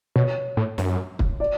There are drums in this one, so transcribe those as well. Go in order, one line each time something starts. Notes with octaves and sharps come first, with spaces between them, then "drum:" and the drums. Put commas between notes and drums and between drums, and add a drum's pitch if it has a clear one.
B2 C#5
A2
F#2, drum: snare
drum: kick
D5